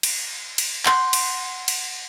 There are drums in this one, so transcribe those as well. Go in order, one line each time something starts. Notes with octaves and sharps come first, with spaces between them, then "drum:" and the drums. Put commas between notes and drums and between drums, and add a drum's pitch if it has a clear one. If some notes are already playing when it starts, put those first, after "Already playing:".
drum: cymbal
drum: cymbal
F#5 C6 G6, drum: clap
drum: cymbal
drum: cymbal